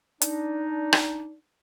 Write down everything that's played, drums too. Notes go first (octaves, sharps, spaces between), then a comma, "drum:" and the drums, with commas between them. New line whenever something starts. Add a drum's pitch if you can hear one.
D4 D#4, drum: hi-hat
drum: rim click